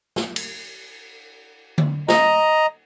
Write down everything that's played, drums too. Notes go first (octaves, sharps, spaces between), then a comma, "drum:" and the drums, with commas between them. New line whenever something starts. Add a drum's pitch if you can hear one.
drum: snare
drum: cymbal
drum: tom D3
D#5 A#5, drum: snare